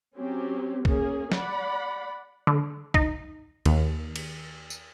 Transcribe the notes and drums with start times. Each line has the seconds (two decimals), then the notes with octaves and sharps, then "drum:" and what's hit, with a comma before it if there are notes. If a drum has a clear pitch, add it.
0.17 F#3 C4 C#4 G4
0.85 A#3 C#4 G#4, drum: kick
1.32 D5 F#5 B5, drum: snare
2.47 D3
2.94 D#4, drum: kick
3.66 D#2, drum: cymbal
4.16 drum: cymbal
4.70 drum: tambourine